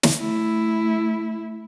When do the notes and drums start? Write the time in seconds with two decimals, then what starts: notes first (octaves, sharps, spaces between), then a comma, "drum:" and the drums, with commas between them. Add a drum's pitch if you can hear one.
0.03 drum: snare
0.18 A3 E4